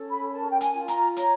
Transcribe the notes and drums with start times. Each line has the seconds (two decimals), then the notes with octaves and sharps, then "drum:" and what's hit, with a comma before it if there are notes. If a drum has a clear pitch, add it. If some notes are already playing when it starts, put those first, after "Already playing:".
Already playing: C#4 A4
0.11 B5
0.32 A#4 A5
0.50 G5
0.61 G#5, drum: hi-hat
0.74 F4
0.88 A#5, drum: hi-hat
1.16 C#5 A#5, drum: hi-hat